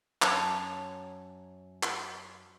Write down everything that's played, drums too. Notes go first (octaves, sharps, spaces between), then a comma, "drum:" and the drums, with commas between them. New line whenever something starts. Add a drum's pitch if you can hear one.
F#2 C#5 A5 A#5, drum: clap
drum: clap